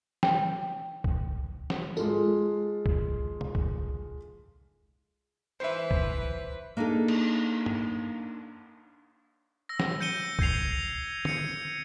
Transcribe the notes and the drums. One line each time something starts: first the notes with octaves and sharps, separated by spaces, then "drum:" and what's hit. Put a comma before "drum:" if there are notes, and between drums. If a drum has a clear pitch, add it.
G5, drum: snare
drum: kick C2
drum: snare
G#3 F4 A4, drum: tambourine
drum: kick C2
drum: tom
drum: kick C2
E3 B4 C5 E5
drum: kick C2
A#3 D4 D#4 G#4 A4
drum: cymbal
drum: tom
E6 A#6
drum: snare
G6 C#7 D#7 G7
G6 G#6 C7 F7, drum: kick C2
G#6 C#7 D#7, drum: tom